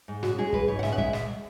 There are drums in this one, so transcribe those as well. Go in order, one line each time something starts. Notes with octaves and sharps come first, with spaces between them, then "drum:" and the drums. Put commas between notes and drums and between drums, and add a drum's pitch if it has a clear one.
G#2
C#4 F#4, drum: snare
G#3 G#4
G#2 B4, drum: kick
G#2 C#5
F#5
C#4 E5, drum: snare
F#5
G#3 E5, drum: kick
drum: snare